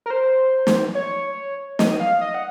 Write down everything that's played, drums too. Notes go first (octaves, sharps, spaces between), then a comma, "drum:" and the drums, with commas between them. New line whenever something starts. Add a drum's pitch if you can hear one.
A#4
C5
drum: snare
C#5
D#5, drum: snare
F5
D#5
F#5